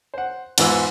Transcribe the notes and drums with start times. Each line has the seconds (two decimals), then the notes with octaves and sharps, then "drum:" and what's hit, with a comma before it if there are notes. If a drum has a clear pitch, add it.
0.14 C5 F#5
0.58 E2 G#2 F4 B4 E6, drum: cymbal